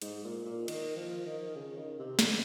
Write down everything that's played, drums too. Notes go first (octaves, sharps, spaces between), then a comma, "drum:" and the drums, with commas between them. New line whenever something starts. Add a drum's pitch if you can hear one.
G#2, drum: hi-hat
A#2
A#2
D#3, drum: cymbal
F3
D#3
C#3
D#3
C3
drum: snare